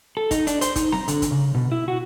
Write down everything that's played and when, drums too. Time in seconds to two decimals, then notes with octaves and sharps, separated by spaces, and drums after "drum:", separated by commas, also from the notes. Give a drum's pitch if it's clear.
0.17 A4
0.31 D#4, drum: kick, hi-hat
0.47 D4, drum: hi-hat
0.61 C5, drum: hi-hat
0.76 D#4, drum: kick, hi-hat
0.92 A#5, drum: snare C4
1.08 D3, drum: hi-hat
1.22 drum: kick, hi-hat
1.31 C#3
1.55 B2
1.72 E4
1.88 F#4